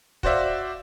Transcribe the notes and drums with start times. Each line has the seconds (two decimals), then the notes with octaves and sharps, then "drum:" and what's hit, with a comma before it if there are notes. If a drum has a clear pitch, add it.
0.23 F#4 C5 D5 E5 F5, drum: kick